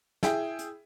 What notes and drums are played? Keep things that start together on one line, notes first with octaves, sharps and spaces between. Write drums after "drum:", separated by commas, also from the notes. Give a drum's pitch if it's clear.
E4 G#4 G5, drum: snare
drum: hi-hat